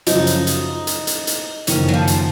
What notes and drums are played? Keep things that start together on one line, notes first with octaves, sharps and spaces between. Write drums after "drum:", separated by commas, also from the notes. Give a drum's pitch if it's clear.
F#2 C#3 F3 D#4, drum: hi-hat
drum: hi-hat
drum: hi-hat
drum: hi-hat
drum: hi-hat
drum: hi-hat
F#1 F2 D#3 A#3 C#4, drum: hi-hat
F#3
F3
drum: hi-hat